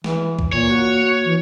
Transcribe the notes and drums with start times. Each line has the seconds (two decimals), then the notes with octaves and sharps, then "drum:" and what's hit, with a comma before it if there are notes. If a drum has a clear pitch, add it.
0.04 E3, drum: snare
0.39 drum: kick C2
0.52 A#2 A#3 C#5
0.69 F#4
1.25 E3